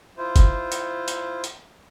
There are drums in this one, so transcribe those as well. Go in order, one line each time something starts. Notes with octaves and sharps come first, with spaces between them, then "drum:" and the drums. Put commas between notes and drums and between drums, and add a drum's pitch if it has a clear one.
E4 F4 C5
drum: kick G1, hi-hat
drum: hi-hat
drum: hi-hat
drum: hi-hat